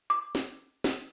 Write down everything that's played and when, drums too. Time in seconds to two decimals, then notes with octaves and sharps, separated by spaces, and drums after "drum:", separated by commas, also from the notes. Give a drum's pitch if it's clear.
0.10 D6
0.35 drum: snare
0.84 drum: snare